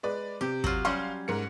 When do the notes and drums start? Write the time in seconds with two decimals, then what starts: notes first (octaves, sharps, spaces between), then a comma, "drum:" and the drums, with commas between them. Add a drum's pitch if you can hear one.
0.03 G#3 B4 D5
0.41 C3 G4
0.64 F#3 F4, drum: kick
0.85 F#3 G3 C#4 F5 C6
1.28 G#2 A#4 C#7